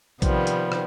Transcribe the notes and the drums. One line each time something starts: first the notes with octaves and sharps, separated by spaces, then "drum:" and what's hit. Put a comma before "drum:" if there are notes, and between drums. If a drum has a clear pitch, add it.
C3 D#3 F3 G3 B3, drum: kick A#1, hi-hat
drum: hi-hat
drum: rim click